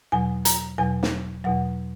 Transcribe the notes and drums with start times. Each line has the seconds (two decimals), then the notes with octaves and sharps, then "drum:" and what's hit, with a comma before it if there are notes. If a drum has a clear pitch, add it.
0.12 E2 B2 F#3 G#5
0.45 A#5, drum: hi-hat
0.78 E2 B2 F#3 G#5
1.03 drum: snare
1.44 E2 B2 F#3 F#5